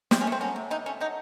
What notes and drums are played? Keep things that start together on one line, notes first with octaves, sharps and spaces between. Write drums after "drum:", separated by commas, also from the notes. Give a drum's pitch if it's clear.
C3 C4, drum: snare
C#4
A3
C4
F#3 C#4
C3
C3 D#4
A3 C#4
F#3 D#4